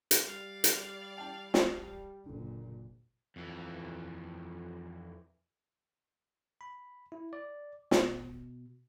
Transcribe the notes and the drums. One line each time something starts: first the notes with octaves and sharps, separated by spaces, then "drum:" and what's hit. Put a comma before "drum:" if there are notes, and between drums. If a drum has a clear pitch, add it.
drum: hi-hat
G3 D5 F5
drum: hi-hat
G5 A5
drum: snare
F#1 A#2 D3
F2 E3
B5
E4
D5
B2, drum: snare